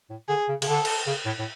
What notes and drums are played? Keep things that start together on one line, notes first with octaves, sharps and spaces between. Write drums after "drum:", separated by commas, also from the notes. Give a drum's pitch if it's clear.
A2
D3 G#4
C#3
C#3, drum: cymbal
D3 A4
drum: cymbal
C#3
A2
A2